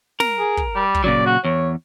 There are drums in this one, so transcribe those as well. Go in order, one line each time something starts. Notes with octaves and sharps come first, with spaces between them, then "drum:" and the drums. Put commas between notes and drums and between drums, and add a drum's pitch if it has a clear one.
A#4, drum: snare
G#4
drum: kick
G3
drum: kick
A#2 C#3 F#3 D5
F#4
E2 C#5